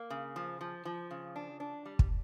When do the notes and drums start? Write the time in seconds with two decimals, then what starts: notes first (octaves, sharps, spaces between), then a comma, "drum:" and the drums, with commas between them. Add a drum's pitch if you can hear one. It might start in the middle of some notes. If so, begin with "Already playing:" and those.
Already playing: A#3
0.10 C#3
0.36 F3
0.61 F3
0.85 F3
1.11 C#3
1.36 D4
1.60 D4
1.86 G3
1.99 drum: kick